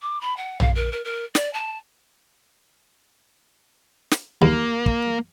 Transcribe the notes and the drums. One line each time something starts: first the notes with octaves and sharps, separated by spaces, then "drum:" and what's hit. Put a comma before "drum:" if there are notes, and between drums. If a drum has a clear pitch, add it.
D6
B5
F#5
F5, drum: tom A#1
A#4
A#4
A#4
D5, drum: snare
A5
drum: snare
D#2 A#3
drum: kick